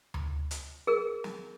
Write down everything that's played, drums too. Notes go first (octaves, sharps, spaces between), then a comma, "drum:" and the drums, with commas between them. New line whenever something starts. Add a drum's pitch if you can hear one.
drum: tom D2
drum: hi-hat
G#4 A#4
drum: snare